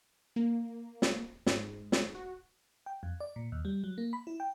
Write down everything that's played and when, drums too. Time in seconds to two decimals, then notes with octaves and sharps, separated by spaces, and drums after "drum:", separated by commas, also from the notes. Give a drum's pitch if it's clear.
0.36 A#3
1.02 drum: snare
1.46 G#2, drum: snare
1.92 drum: snare
2.15 F#4
2.86 G5
3.03 F2
3.20 D5
3.36 A#2
3.52 D#2
3.65 G3
3.84 F#3
3.98 A#3
4.13 B5
4.27 E4
4.40 G5